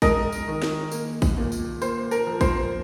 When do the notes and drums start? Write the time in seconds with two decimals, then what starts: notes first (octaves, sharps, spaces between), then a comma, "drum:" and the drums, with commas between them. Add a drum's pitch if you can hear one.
0.02 G#3 A#4 D#5, drum: kick, tambourine
0.32 drum: tambourine
0.47 D#3
0.62 drum: snare
0.92 A#3, drum: tambourine
1.22 drum: kick, tambourine
1.37 A#2
1.52 drum: tambourine
1.82 A#3 C5, drum: tambourine
2.11 A#4, drum: tambourine
2.27 F3
2.41 C5, drum: kick, tambourine